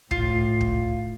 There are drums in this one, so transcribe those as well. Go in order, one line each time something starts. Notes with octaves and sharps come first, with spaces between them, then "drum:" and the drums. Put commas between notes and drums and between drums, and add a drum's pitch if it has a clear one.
A2 F4, drum: kick
drum: kick